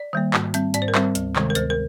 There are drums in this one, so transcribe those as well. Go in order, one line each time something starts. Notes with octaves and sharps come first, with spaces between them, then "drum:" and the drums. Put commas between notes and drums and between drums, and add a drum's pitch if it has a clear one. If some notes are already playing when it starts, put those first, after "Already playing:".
Already playing: D5
D#3 G3 A#3
G#2, drum: clap
G3 C4, drum: hi-hat
G#2 D5, drum: hi-hat
C5
A#4
G3 C4 C5, drum: clap
D2, drum: hi-hat
C3 D#3 G#3, drum: clap
A#4
D2 C5, drum: hi-hat
A#4